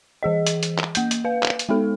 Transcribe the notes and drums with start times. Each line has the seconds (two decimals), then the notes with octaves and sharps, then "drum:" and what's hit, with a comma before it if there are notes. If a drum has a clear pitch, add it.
0.23 E3 G#4 D#5
0.47 drum: hi-hat
0.63 drum: hi-hat
0.79 drum: clap
0.95 A#3 G6, drum: hi-hat
1.11 drum: hi-hat
1.25 B4 F5
1.43 drum: clap
1.59 drum: hi-hat
1.69 G#3 B3 D#4 A4